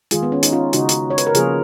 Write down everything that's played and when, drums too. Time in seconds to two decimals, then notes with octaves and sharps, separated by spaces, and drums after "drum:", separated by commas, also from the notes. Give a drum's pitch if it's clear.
0.11 D#3 G#3 F4 G#4, drum: hi-hat
0.23 B3
0.32 C#4
0.43 D#4, drum: hi-hat
0.52 C#4 F4
0.73 C#3 G#3 D#4 F#4, drum: hi-hat
0.89 drum: hi-hat
1.10 C#5
1.18 B4, drum: hi-hat
1.26 A#4
1.35 C#3 F3 A#3 F4 G#4, drum: hi-hat